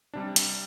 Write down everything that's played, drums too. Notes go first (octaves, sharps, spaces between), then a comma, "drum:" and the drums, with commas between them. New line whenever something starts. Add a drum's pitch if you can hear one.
C3 G3 D4
drum: hi-hat